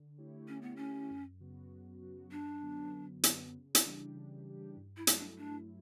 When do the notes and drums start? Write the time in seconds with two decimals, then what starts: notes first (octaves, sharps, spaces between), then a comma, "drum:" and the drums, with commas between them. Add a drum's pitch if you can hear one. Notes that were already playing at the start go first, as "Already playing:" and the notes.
Already playing: D3
0.18 A3 E4 G4 C#5
0.48 D3 C#4
0.62 B3
0.76 A3 C#4 E4 G4 C#5
1.10 F#2
1.40 C#3 F#3 B3 F#4
1.71 F#2
2.02 C#3 F#3 B3 F#4
2.31 F#2 D4
2.63 D3 F#3 B3
2.93 F#2
3.24 D3 F#3 B3, drum: hi-hat
3.54 C#3
3.75 drum: hi-hat
3.85 E3 G3 D4 G4
4.15 C#3
4.46 E3 G3 D4 G4
4.77 G2
4.97 E4
5.07 F#3 A3 E4, drum: hi-hat
5.18 D4
5.38 G2 D4